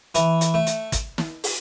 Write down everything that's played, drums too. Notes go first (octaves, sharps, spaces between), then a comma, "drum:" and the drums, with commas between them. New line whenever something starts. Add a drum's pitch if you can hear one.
E3, drum: hi-hat
drum: hi-hat
A3
drum: hi-hat
drum: kick, hi-hat
drum: snare
drum: open hi-hat